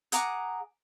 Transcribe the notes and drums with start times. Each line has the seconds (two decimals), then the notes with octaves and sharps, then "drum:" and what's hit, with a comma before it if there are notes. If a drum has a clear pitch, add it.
0.12 G#4 F#5 A#5 D6, drum: hi-hat